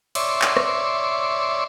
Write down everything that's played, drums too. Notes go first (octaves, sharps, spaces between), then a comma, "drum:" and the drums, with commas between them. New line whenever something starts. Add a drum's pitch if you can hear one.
C#5 D5 E5 C6, drum: cymbal
drum: clap
drum: rim click